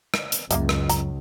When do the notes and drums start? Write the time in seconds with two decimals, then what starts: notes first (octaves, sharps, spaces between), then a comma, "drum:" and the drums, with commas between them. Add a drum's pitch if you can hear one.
0.14 drum: rim click
0.32 drum: hi-hat
0.51 C#2 F#2 A#3 C#4 E5, drum: hi-hat
0.69 drum: rim click
0.89 A#5, drum: hi-hat